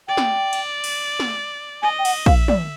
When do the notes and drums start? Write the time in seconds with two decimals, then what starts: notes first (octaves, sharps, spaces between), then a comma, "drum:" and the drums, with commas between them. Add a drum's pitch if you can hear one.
0.08 D5 G5
0.17 drum: snare
0.53 drum: cymbal
0.84 drum: cymbal
1.20 drum: snare
1.82 D#5 G#5
1.99 G5
2.05 F#5, drum: cymbal
2.26 E5 F5, drum: kick A#1
2.48 D5, drum: tom